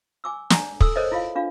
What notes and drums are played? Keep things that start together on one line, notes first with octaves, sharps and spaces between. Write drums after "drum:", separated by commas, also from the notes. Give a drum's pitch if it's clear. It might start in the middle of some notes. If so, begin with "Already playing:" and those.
G#5 D6 E6
G#5 A#5, drum: snare
A4 E6, drum: kick
A4 A#4 C5 C#5 D#5 E5
E4 F4 E5 F5
D4 F4 F5